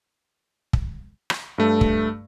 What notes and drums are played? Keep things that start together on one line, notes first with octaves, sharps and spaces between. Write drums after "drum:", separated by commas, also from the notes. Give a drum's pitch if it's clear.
drum: kick
drum: rim click
G2 A3
drum: kick